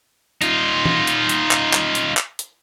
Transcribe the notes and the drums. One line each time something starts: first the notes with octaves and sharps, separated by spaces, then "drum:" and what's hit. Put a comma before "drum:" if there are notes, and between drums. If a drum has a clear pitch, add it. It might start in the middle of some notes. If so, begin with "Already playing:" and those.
D#4 F4, drum: hi-hat
drum: tom E3
drum: hi-hat
drum: hi-hat
drum: clap
drum: clap
drum: hi-hat
drum: clap
drum: hi-hat